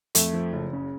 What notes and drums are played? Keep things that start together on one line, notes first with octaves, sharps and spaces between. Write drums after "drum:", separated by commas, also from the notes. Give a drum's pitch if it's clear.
F2 A3, drum: hi-hat
F3
F#1
C#3